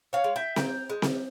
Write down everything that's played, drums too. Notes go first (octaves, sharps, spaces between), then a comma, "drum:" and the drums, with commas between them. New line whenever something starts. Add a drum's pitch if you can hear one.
C#5 F5
G#3
E5 G5
A#2 G5 A#5, drum: snare C4
G#3
drum: snare C4